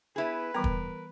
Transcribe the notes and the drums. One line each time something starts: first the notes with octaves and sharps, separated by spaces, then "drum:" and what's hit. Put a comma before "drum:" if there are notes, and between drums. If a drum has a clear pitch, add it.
B3 E4 G#4 B4
E3 G3 B3 A#4
drum: kick